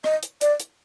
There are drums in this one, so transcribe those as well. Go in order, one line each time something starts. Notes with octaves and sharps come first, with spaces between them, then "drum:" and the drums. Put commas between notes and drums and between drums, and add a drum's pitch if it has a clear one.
D#5, drum: rim click
drum: hi-hat
D5, drum: hi-hat
drum: hi-hat